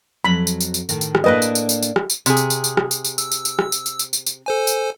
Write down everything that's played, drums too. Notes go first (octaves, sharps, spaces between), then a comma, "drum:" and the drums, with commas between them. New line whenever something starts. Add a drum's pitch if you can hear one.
F2 F#3 B5
drum: tambourine
drum: tambourine
drum: tambourine
A2 D#3, drum: tambourine
drum: tambourine
drum: rim click
A2 A#3 D4 B4 D#5
drum: tambourine
drum: tambourine
drum: tambourine
drum: tambourine
drum: rim click
drum: tambourine
C3 G#4, drum: tambourine
drum: tambourine
drum: tambourine
drum: tambourine
drum: rim click
drum: tambourine
drum: tambourine
E6, drum: tambourine
drum: tambourine
drum: tambourine
drum: rim click
drum: tambourine
drum: tambourine
drum: tambourine
drum: tambourine
drum: tambourine
A4 C5 G#5
drum: tambourine